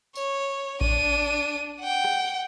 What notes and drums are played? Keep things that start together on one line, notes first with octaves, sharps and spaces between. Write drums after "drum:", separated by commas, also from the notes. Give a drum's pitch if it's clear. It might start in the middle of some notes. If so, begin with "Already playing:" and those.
C#5, drum: tambourine
D4 D#7, drum: kick A1
F#5 G5
drum: rim click